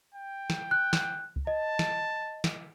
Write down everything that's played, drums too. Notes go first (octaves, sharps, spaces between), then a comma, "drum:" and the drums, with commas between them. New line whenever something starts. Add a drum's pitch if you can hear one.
G5
drum: snare
F#6
drum: snare
drum: kick C#2
D#5 A5
drum: snare
drum: snare